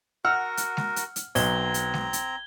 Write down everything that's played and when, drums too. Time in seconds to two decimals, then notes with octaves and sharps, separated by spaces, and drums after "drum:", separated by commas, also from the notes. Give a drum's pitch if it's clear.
0.25 F#4 A#4 F#5 E6 F6
0.57 drum: hi-hat
0.77 drum: snare G#3
0.96 drum: hi-hat
1.16 drum: hi-hat
1.35 B1 C4 A#5 G#6 G7, drum: open hi-hat
1.74 drum: hi-hat
1.94 drum: snare G#3
2.13 drum: hi-hat